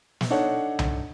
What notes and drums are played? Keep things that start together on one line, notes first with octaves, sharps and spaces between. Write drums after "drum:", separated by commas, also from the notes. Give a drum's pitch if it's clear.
drum: snare
D4 D#4 A4 C#5 F#5
drum: tom C2